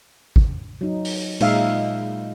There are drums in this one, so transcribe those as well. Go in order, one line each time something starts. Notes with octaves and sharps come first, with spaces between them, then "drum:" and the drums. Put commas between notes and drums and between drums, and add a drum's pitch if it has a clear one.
drum: kick
F#3 D#4
drum: open hi-hat
A#2 G#3 D#4 E5 F5, drum: cymbal